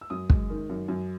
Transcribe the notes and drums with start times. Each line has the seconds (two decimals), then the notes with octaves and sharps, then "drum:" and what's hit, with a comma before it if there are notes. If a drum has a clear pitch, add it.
0.01 E6
0.10 F#2 D#6
0.30 G#3, drum: kick
0.50 D#3
0.69 F#2
0.88 F#2